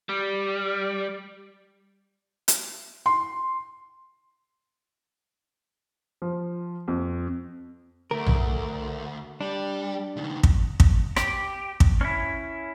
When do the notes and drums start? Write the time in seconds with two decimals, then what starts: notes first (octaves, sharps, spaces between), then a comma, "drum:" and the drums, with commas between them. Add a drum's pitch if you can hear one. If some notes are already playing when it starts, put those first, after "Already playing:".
0.09 G3
2.48 drum: hi-hat
3.06 C6
6.22 F3
6.88 F2
8.11 D2 A3 A#4
8.26 drum: tom B1
9.41 G3 D4
10.16 C#2 D#3
10.43 drum: kick
10.80 drum: kick
11.16 G4, drum: rim click
11.80 drum: kick
12.01 C#4 E4